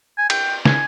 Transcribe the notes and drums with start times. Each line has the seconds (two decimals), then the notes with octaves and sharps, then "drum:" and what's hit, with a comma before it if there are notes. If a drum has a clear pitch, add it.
0.18 G#5
0.30 G5, drum: cymbal
0.65 G#5, drum: snare